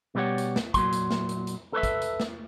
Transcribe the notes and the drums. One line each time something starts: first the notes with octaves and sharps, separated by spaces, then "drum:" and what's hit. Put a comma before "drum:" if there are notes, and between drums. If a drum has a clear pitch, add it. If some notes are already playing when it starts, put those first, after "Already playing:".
B2 G3 E4 G4 C#5 F#5
drum: hi-hat
drum: snare
A#2 F#3 C6, drum: kick, hi-hat
drum: hi-hat
drum: snare
drum: hi-hat
drum: hi-hat
A4 B4 C#5 E5
drum: kick, hi-hat
drum: hi-hat
drum: snare